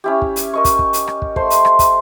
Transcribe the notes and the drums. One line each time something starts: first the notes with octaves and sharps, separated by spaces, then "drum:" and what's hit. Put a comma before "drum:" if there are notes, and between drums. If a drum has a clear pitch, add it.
C#4 E4 G4
drum: kick
drum: hi-hat
A#4 D#5 C#6
drum: kick, hi-hat
drum: kick
drum: hi-hat
drum: rim click
drum: kick
A3 C5 C6, drum: kick
drum: hi-hat
drum: rim click
drum: kick, hi-hat